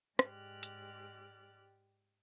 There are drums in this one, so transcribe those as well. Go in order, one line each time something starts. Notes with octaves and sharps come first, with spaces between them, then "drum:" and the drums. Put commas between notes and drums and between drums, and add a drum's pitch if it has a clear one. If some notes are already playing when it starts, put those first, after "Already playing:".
G#2 G#3 G4 D5 F6 F#6, drum: rim click
drum: hi-hat